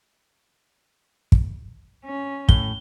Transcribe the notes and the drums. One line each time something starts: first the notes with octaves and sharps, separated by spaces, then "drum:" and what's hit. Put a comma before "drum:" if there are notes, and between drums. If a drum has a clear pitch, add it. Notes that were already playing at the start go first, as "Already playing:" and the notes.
drum: kick
C#4
A2 G7, drum: kick